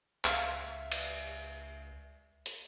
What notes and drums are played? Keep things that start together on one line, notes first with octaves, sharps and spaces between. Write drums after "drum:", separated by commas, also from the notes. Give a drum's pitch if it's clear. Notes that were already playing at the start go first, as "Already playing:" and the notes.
C#2 E5 F5, drum: clap
drum: cymbal
drum: hi-hat